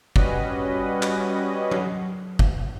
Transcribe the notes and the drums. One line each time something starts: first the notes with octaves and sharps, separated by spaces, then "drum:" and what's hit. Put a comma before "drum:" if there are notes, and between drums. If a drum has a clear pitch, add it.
G3 C#4 F#4 B4 D#5, drum: kick
drum: clap
drum: tom F#3
drum: kick